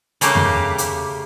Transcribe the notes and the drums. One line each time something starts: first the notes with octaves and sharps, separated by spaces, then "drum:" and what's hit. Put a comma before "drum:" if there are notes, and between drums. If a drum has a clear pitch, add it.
C#3 A3 A#3 G4, drum: hi-hat
drum: tom E2
drum: hi-hat